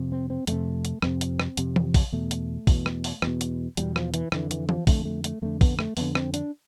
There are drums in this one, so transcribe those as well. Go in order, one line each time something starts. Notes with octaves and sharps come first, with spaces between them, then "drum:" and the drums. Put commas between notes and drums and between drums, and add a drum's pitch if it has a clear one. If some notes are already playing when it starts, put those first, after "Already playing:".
Already playing: F2 C3
C4
C4
F2 C3 A3, drum: hi-hat
drum: hi-hat
F2 C3 C4, drum: rim click
drum: hi-hat
drum: rim click
F2 C3, drum: hi-hat
drum: tom E3
drum: kick, open hi-hat
E2 B2 A3
drum: hi-hat
E2 B2, drum: kick, open hi-hat
drum: rim click
drum: open hi-hat
E2 B2, drum: rim click
drum: hi-hat
E2 B2 G3, drum: hi-hat
F3, drum: rim click
E3, drum: hi-hat
F2 D3 E3, drum: rim click
E3, drum: hi-hat
F3, drum: tom E3
F2 D3 A3, drum: kick, open hi-hat
A3
A3, drum: hi-hat
F2 D3 A3
B3, drum: kick, open hi-hat
A3, drum: rim click
F2 D3 B3, drum: open hi-hat
C4, drum: rim click
D4, drum: hi-hat